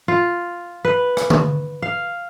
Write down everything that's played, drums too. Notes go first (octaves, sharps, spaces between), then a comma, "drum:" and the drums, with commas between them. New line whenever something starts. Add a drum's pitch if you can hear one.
F4
B4
drum: rim click
drum: tom D3
F5